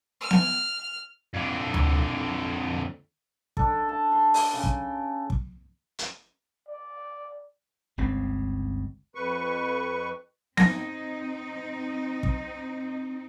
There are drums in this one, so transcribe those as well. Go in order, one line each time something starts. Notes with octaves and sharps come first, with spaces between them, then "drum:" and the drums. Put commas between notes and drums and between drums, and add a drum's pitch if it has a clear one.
F6
drum: snare B3
F2 D3
drum: tom D2
D4 A4, drum: kick
A5
C6
D5, drum: open hi-hat
C#3 G5
drum: kick
drum: kick
drum: hi-hat
D5
G1 C#2 C#3 C4
F2 B4 C#6
C4 D#4 A#6, drum: snare B3
drum: kick